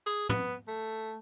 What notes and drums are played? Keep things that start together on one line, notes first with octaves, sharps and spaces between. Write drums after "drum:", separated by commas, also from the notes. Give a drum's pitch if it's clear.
G#4
B3, drum: tom
A3